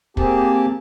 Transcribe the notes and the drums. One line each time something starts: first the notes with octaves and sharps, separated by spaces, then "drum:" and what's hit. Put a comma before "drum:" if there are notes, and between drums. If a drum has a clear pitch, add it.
A#3 C4 G4 G#4 A5, drum: kick